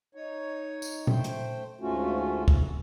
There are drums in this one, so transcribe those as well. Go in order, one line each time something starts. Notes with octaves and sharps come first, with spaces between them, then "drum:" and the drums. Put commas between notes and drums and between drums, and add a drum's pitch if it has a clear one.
D#4 C#5
drum: tambourine
A3 C5 G5, drum: tom A#2
drum: hi-hat
D2 G#2 A3 C#4 F4 F#4
drum: kick C#2